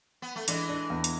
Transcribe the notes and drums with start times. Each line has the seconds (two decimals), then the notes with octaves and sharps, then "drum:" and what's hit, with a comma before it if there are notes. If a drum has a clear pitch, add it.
0.22 B3
0.36 A3
0.48 E3 G#3 D4, drum: hi-hat
0.69 D4
0.90 E2
1.04 drum: hi-hat